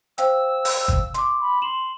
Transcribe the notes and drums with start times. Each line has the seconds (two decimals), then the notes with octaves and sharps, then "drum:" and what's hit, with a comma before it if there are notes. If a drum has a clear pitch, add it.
0.18 C5 F5 G5 E6, drum: hi-hat
0.65 drum: open hi-hat
0.88 drum: kick
1.14 C6 D6, drum: hi-hat
1.40 B5
1.62 C6 E7 F#7